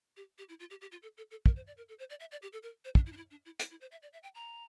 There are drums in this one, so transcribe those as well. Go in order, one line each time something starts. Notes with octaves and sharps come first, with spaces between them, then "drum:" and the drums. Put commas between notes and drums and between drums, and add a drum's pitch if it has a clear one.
G4
G4
E4
F4
G4
G4
F4
A4
A4
A4
A#4, drum: kick
C5
D5
A#4
A4
C5
D5
E5
D5
G4
A4
A#4
C5
D4, drum: kick
E4
D4
E4
D4
E4
E4, drum: hi-hat
E4
C5
E5
D5
E5
G5
A#5